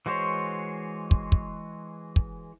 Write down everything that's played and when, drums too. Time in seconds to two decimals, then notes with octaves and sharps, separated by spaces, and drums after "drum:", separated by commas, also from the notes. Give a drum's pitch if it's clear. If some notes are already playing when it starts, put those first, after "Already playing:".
0.06 E3 G#3 F#4 C5 C#5
1.11 drum: kick
1.32 drum: kick
2.16 drum: kick